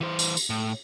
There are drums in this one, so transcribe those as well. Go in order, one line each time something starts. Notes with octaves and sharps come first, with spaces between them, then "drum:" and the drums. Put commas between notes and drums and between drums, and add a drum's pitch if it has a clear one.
E3 C5
drum: tambourine
drum: tambourine
A2